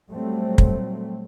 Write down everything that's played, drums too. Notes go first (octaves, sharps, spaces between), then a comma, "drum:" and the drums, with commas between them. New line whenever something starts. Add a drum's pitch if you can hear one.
A#2 F#3 G3 A3 C4
drum: kick